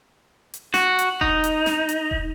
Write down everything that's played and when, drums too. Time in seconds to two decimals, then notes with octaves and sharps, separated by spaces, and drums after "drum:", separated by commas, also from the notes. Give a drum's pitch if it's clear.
0.54 drum: hi-hat
0.74 F#4, drum: snare
0.99 drum: hi-hat
1.21 D#4, drum: kick E1
1.44 drum: hi-hat
1.66 drum: snare
1.89 drum: hi-hat
2.11 drum: kick E1